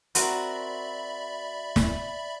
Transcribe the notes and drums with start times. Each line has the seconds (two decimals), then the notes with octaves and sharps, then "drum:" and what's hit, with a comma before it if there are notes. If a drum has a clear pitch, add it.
0.15 C4 F#4 A#4 D5 E5 B5, drum: hi-hat
1.76 drum: snare